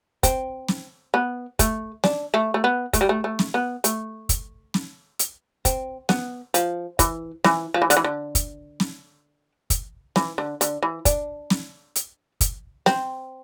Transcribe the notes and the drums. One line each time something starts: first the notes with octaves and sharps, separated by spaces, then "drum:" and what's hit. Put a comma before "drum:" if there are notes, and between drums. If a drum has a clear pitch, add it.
C4, drum: kick, hi-hat
drum: snare
B3
A3, drum: kick, hi-hat
D4, drum: snare
A3
A3
B3
A3, drum: kick, hi-hat
G3
A3
A3
drum: snare
B3
A3, drum: hi-hat
drum: kick, hi-hat
drum: snare
drum: hi-hat
C4, drum: kick, hi-hat
B3, drum: snare
F3, drum: hi-hat
E3, drum: kick, hi-hat
E3, drum: snare
F3
E3
D3, drum: hi-hat
E3
D3
drum: kick, hi-hat
drum: snare
drum: kick, hi-hat
E3, drum: snare
D3
D3, drum: hi-hat
E3
D4, drum: kick, hi-hat
drum: snare
drum: hi-hat
drum: kick, hi-hat
C4, drum: snare